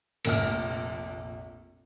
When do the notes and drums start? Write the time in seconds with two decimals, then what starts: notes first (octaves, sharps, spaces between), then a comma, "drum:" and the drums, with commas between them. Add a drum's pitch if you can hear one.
0.25 F1 A#1 F6, drum: cymbal